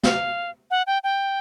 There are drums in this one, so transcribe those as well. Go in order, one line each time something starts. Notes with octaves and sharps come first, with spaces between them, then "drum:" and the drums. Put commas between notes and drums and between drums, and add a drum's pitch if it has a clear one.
F5, drum: snare
F#5
G5
G5